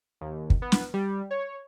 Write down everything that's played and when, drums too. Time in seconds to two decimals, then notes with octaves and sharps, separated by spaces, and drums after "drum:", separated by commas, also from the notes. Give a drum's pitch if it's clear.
0.21 D#2
0.50 drum: kick
0.62 B3
0.72 drum: snare
0.94 G3
1.31 C#5